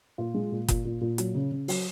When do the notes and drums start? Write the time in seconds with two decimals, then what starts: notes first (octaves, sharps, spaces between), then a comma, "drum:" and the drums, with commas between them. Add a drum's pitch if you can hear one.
0.18 A#2 F4
0.34 G#3
0.52 A#2
0.68 A#2, drum: kick F#1, hi-hat
0.85 A#2
1.01 A#2
1.18 F#3, drum: hi-hat
1.35 C#3
1.52 C#3
1.68 F#3, drum: open hi-hat